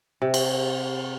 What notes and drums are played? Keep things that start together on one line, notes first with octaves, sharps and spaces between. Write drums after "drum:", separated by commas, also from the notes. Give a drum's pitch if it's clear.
C3
drum: cymbal